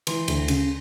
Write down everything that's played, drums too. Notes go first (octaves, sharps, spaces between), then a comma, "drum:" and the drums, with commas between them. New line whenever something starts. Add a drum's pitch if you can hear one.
E3 C6, drum: cymbal
D2, drum: cymbal
C#3, drum: cymbal